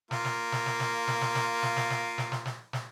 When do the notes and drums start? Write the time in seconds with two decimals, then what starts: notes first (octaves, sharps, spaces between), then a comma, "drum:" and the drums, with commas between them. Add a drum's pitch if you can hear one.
0.11 A#3 F4, drum: snare
0.25 drum: snare
0.52 drum: snare
0.66 drum: snare
0.80 drum: snare
1.07 drum: snare
1.21 drum: snare
1.35 drum: snare
1.63 drum: snare
1.76 drum: snare
1.90 drum: snare
2.18 drum: snare
2.32 drum: snare
2.46 drum: snare
2.73 drum: snare